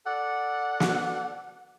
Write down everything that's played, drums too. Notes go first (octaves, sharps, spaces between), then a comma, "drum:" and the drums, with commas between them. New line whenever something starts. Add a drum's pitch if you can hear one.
A4 D5 F#5
drum: snare